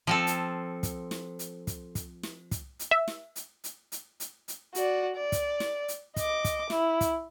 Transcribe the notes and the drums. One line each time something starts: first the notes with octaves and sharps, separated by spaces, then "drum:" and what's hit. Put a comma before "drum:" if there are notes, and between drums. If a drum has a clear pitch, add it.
F3 C4 A4
drum: hi-hat
drum: kick, hi-hat
drum: snare
drum: hi-hat
drum: kick, hi-hat
drum: kick, hi-hat
drum: snare
drum: kick, hi-hat
drum: hi-hat
E5
drum: snare
drum: hi-hat
drum: hi-hat
drum: hi-hat
drum: hi-hat
drum: hi-hat
F#4 D5, drum: hi-hat
D5
drum: kick, hi-hat
drum: snare
drum: hi-hat
D#5 D6, drum: kick, hi-hat
drum: kick, hi-hat
E4, drum: snare
drum: kick, hi-hat